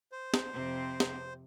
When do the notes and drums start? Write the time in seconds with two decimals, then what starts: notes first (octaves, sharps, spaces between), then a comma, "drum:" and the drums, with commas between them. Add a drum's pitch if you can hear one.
0.12 C5
0.34 drum: snare
0.53 F2 C3 C4
1.00 drum: snare